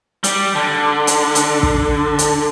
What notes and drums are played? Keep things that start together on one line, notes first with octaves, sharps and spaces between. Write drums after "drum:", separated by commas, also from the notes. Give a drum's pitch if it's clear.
G3, drum: hi-hat
D3
drum: hi-hat
drum: hi-hat
drum: kick
drum: hi-hat